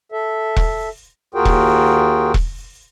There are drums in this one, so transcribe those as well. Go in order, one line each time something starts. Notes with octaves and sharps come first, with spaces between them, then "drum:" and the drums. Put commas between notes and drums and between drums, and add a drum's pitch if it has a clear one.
A4 E5
drum: kick E1
D#2 F4 F#4 G#4 A#4 G5
drum: kick E1
drum: kick E1